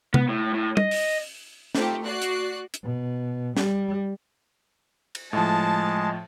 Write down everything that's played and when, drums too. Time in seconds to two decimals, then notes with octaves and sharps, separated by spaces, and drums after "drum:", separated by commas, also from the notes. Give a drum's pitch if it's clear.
0.14 B3, drum: tom C3
0.29 A2
0.53 A2
0.77 D#5, drum: tom
0.91 drum: open hi-hat
1.75 A3 C4 D#4 F4 G4, drum: snare
2.04 F#4 D5 F#6 C7
2.22 drum: hi-hat
2.74 drum: hi-hat
2.84 B2
3.57 G3, drum: snare
5.15 drum: cymbal
5.33 A2 F3 G#3 A5